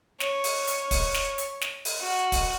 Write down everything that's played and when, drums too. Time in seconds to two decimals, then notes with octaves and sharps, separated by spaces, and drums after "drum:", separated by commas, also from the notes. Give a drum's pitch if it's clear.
0.20 C#5, drum: snare
0.44 drum: open hi-hat
0.67 drum: hi-hat
0.91 drum: kick, open hi-hat
1.14 drum: snare
1.38 drum: hi-hat
1.61 drum: snare
1.85 drum: open hi-hat
2.00 F#4
2.32 drum: kick, open hi-hat